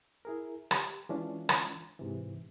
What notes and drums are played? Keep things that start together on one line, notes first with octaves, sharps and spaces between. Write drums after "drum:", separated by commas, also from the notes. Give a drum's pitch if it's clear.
E4 G#4 A#4
G4, drum: rim click
E3 G#3 C#4 D4 F4
drum: rim click
G#2 C3 E3